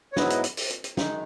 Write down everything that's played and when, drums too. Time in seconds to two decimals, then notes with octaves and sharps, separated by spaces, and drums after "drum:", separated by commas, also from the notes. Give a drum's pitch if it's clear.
0.13 C#5
0.16 G#2 F#3 B3 E4 B4 D#5, drum: snare
0.30 drum: hi-hat
0.44 drum: hi-hat
0.57 drum: open hi-hat
0.70 drum: hi-hat
0.84 drum: hi-hat
0.97 F#2 D#3 G#3 D#4, drum: snare